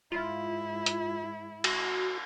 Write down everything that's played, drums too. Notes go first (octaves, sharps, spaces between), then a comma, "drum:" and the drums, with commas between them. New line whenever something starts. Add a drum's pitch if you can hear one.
G#2 E4 F4
drum: hi-hat
F#4, drum: cymbal